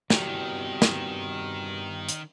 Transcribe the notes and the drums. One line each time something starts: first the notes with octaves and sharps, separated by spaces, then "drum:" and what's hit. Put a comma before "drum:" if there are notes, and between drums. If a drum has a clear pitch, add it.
E2 G2 C3 D#3 B3 F#4 G4, drum: snare
drum: snare
drum: hi-hat